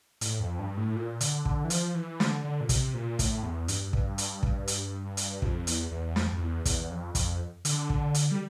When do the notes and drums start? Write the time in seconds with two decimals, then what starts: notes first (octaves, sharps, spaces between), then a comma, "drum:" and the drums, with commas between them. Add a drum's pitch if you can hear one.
0.21 A2, drum: hi-hat
0.40 F2
0.59 G2
0.77 A2
0.96 A#2
1.21 D3, drum: hi-hat
1.45 D3, drum: kick
1.65 E3
1.70 F3, drum: hi-hat
1.95 E3
2.20 D3, drum: snare
2.44 D3
2.61 A#2
2.69 C3, drum: kick, hi-hat
2.94 A#2
3.19 A2, drum: kick, hi-hat
3.43 E2
3.68 G2, drum: hi-hat
3.93 drum: kick
4.18 drum: hi-hat
4.43 drum: kick
4.68 drum: hi-hat
5.17 drum: hi-hat
5.42 F2, drum: kick
5.67 E2, drum: hi-hat
5.91 E2
6.16 F2, drum: snare
6.32 F2
6.41 E2
6.65 E2, drum: kick, hi-hat
6.91 F2
7.15 F2, drum: kick, hi-hat
7.65 D3, drum: hi-hat
7.90 drum: kick
8.14 drum: hi-hat
8.31 G3